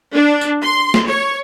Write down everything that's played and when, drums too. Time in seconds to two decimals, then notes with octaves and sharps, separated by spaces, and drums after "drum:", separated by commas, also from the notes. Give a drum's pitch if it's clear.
0.12 D4
0.41 drum: tambourine
0.63 C6
0.94 drum: snare
1.08 C#5